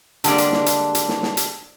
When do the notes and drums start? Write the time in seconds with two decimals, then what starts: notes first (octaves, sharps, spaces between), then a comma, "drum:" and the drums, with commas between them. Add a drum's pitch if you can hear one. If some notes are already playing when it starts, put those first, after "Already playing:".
0.24 D3 G3 G#3 A#3 D4, drum: hi-hat
0.38 drum: hi-hat
0.52 drum: snare
0.66 drum: hi-hat
0.95 drum: hi-hat
1.09 drum: snare
1.23 drum: snare
1.37 drum: hi-hat